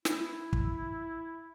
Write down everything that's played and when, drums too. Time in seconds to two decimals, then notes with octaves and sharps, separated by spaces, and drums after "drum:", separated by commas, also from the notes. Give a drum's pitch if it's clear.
0.05 E4, drum: snare
0.53 drum: kick